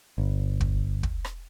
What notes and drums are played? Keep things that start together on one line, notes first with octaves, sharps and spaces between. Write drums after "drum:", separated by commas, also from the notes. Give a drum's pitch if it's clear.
G1
drum: kick
drum: kick
drum: rim click